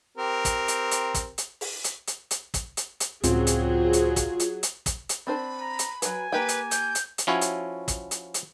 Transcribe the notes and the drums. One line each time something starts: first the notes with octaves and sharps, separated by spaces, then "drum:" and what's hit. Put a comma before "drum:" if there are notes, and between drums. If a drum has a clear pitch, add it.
C4 G4 A#4
drum: kick, hi-hat
drum: hi-hat
drum: hi-hat
drum: kick, hi-hat
drum: hi-hat
drum: open hi-hat
drum: hi-hat
drum: hi-hat
drum: hi-hat
drum: kick, hi-hat
drum: hi-hat
drum: hi-hat
C#2 A2 F#3 C4 C#4 F4 G#4, drum: hi-hat
drum: hi-hat
drum: hi-hat
drum: kick, hi-hat
drum: hi-hat
drum: hi-hat
drum: kick, hi-hat
drum: hi-hat
C4 D4 C5 B5
A#5
drum: hi-hat
F#3 B4 G#5, drum: hi-hat
A#3 G4 B4 G5
drum: hi-hat
G6, drum: hi-hat
drum: hi-hat
drum: hi-hat
F3 C#4 E4 F#4 C#5
drum: hi-hat
drum: kick, hi-hat
drum: hi-hat
drum: hi-hat